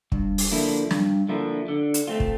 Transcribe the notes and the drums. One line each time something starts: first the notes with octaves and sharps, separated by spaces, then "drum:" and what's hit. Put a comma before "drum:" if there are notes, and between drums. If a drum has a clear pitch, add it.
G2, drum: kick
drum: open hi-hat
D3 F3 A#3 E4
G2, drum: snare
D3 F3 A#3 E4
D3
drum: hi-hat
A3 C4 F4
drum: kick